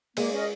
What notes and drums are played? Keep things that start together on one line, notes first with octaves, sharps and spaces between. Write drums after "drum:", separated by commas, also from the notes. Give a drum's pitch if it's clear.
G#3 A#3, drum: cymbal
C#4 A#4 D#5